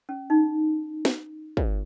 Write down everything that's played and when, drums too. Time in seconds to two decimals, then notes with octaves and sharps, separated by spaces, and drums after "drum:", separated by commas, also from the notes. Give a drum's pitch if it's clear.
0.09 C#4
0.30 D#4
1.05 drum: snare
1.57 drum: kick